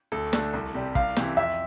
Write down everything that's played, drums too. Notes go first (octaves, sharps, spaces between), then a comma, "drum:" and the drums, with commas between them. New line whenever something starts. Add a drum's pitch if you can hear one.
D2 A4
D3 A3, drum: snare
C2
C3 G3
C2 F5, drum: kick
C3 E3, drum: snare
F2 E5